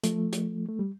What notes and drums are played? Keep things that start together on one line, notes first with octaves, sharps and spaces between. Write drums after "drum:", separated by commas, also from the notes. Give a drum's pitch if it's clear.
F3 A3, drum: hi-hat
drum: hi-hat
A3
G3